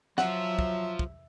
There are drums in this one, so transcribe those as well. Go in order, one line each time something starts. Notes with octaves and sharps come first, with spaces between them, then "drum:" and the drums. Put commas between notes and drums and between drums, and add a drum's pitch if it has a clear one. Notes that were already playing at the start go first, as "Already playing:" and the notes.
F3 F#3 F4 E5 F#5, drum: snare
drum: kick
drum: kick